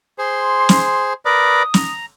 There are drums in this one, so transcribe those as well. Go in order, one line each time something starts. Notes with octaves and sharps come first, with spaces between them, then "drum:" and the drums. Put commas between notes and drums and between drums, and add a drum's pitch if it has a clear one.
G#4 C5 C6
drum: snare
A#4 B4 D5 D#6
A#5, drum: snare